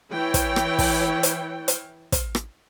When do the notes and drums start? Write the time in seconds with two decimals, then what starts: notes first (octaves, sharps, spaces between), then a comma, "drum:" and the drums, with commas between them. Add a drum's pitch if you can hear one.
0.12 E3 E4 C#5 G5
0.34 drum: kick, hi-hat
0.56 drum: rim click
0.79 drum: kick, open hi-hat
1.23 drum: hi-hat
1.68 drum: hi-hat
2.12 drum: kick, hi-hat
2.35 drum: rim click